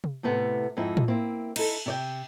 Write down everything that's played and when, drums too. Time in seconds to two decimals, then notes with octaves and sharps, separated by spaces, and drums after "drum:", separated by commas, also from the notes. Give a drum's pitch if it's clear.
0.04 drum: tom C3
0.23 A2 C3 A3 B3
0.77 F2 G#2 C4 D#4 E4
0.97 drum: tom A2
1.08 A#3 C4 E4
1.56 D#4 E4 A4, drum: cymbal
1.86 C3 D5 G5